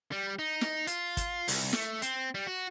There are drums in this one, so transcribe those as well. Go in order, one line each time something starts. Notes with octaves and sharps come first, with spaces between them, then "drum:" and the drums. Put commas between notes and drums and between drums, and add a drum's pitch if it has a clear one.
G3
D#4
drum: snare
F4, drum: hi-hat
drum: kick, hi-hat
C2, drum: open hi-hat
A3, drum: snare
C4, drum: hi-hat
G3
F#4